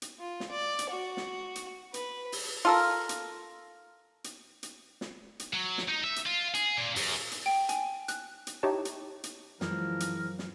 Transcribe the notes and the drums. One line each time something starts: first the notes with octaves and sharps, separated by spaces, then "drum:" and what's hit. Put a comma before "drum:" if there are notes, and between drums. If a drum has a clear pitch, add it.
drum: hi-hat
F4
drum: snare
D5
drum: hi-hat
F#4
drum: snare
drum: hi-hat
B4, drum: hi-hat
drum: open hi-hat
F4 A4 A#4
drum: hi-hat
drum: hi-hat
drum: hi-hat
drum: snare
drum: hi-hat
F#3
drum: snare
D#4
E5
drum: hi-hat
F4
G#4, drum: hi-hat
A#2
F#2, drum: open hi-hat
drum: hi-hat
G5
G#5, drum: hi-hat
F#6, drum: hi-hat
drum: hi-hat
D#4 E4 G4 C#5 A5
drum: hi-hat
drum: hi-hat
F#2 E3 F3 G#3 A#4, drum: snare
drum: hi-hat
drum: snare